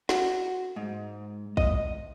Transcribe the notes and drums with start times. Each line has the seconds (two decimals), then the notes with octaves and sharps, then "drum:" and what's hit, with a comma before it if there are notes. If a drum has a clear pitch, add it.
0.09 F#4, drum: snare
0.76 G#2
1.57 D#5, drum: kick